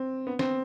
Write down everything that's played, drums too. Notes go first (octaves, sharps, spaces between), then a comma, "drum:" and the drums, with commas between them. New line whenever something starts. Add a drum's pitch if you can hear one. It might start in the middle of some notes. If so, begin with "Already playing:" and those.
Already playing: C4
B3
C4, drum: snare